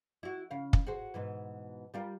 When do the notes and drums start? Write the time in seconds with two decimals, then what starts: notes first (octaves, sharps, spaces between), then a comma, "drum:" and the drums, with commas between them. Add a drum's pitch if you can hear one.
0.23 E4 F#4
0.51 C#3 F5
0.73 drum: kick
0.87 F#4 G#4 C5
1.14 G#2 B2 E3
1.94 G3 F4 A#4